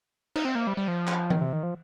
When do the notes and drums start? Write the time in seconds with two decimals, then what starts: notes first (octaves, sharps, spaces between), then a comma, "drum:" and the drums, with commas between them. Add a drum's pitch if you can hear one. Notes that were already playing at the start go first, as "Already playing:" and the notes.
0.36 D#4, drum: cymbal
0.45 C4
0.55 A#3
0.67 G3
0.77 G3
0.88 F3
1.07 drum: clap
1.30 D#3, drum: tom E3
1.41 C3
1.53 D#3
1.63 F3